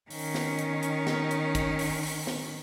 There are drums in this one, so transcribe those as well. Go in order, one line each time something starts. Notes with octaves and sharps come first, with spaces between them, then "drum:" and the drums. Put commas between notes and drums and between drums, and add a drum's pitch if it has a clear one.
D#3 C#4, drum: open hi-hat
drum: snare
drum: hi-hat
drum: hi-hat
drum: snare
drum: hi-hat
drum: kick, hi-hat
drum: open hi-hat
drum: open hi-hat
drum: snare